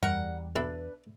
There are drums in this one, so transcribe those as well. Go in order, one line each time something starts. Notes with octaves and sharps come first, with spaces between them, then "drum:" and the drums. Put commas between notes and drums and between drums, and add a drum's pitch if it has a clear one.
E2 G3 A#4 F#5, drum: tom F#2
B1 D4 E4 B4